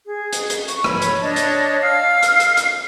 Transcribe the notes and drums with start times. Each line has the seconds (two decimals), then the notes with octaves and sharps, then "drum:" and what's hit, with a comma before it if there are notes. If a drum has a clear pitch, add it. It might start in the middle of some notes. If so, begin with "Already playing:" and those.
0.06 G#4
0.33 drum: hi-hat
0.50 drum: hi-hat
0.68 C#6, drum: hi-hat
0.84 C#5 B5, drum: rim click
1.02 drum: hi-hat
1.22 D4 C#5 D#5 A5
1.36 drum: hi-hat
1.82 F5 E6 F6
2.23 drum: hi-hat
2.40 drum: hi-hat
2.57 drum: hi-hat